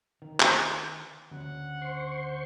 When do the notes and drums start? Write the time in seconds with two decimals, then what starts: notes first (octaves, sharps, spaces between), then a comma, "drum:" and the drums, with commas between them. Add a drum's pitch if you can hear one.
0.22 D#3
0.40 drum: clap
1.31 D2 C#3 F#5
1.82 C5 C6 C#6